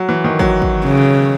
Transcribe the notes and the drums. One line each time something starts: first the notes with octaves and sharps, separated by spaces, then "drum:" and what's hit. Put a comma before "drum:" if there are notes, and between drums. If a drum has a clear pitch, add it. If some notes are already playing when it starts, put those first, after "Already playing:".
Already playing: F#3
E3
D#3
F#3, drum: kick
drum: kick
C#3